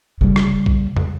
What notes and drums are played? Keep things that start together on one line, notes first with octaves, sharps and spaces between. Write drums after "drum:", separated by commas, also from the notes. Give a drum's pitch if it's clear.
C#3 G3
drum: rim click
drum: kick
drum: tom